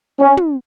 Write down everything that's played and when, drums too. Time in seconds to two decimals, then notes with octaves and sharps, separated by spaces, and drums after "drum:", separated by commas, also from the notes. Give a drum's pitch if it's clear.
0.20 C#4
0.37 drum: tom